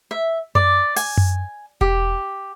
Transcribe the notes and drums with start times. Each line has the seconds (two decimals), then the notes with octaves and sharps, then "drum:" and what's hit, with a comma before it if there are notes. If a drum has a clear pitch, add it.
0.11 E5
0.55 D5, drum: tom F#2
0.96 G#5, drum: open hi-hat
1.18 drum: tom F#2
1.81 G4, drum: kick E1